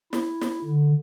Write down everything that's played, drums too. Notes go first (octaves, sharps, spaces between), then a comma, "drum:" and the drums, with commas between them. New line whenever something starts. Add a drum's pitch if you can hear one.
E4, drum: snare
drum: snare
D3